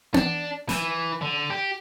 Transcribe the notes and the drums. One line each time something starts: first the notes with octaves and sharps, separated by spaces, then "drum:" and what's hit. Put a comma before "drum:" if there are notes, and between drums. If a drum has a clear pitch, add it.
D4, drum: tom B3
E3, drum: snare
D3
G4